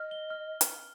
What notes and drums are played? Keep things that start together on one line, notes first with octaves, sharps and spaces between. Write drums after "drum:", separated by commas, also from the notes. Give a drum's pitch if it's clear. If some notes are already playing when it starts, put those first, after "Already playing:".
Already playing: D#5 F6
G7
F6
drum: hi-hat